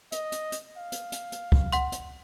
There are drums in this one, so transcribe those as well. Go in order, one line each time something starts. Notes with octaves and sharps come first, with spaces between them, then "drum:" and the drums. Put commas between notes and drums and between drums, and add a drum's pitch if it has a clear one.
D#5, drum: hi-hat
drum: hi-hat
drum: hi-hat
F5
drum: hi-hat
drum: hi-hat
drum: hi-hat
drum: kick
F#5 C6, drum: hi-hat
drum: hi-hat